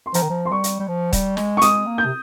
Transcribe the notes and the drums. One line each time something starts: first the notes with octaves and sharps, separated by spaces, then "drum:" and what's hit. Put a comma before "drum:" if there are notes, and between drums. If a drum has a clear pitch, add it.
C6
F3 A#5, drum: hi-hat
D#3
F3
C6
G3 C#6
drum: hi-hat
G3
F3
G3, drum: kick, hi-hat
G#3, drum: snare
C#6
G#3 D#6, drum: hi-hat
A#3
G6
C3